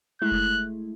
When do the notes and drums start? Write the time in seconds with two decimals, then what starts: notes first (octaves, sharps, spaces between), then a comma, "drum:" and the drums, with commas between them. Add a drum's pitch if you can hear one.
0.22 G#3 A3 E4 F#6
0.31 drum: kick F#1